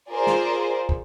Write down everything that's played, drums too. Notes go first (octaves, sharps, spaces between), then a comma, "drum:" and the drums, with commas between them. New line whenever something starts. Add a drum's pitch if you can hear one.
F4 G#4 A#4 C5 D5
drum: snare
drum: kick